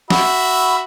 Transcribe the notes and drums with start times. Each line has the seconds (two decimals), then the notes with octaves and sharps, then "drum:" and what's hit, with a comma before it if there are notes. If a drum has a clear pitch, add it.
0.10 F#4 E5 B5, drum: snare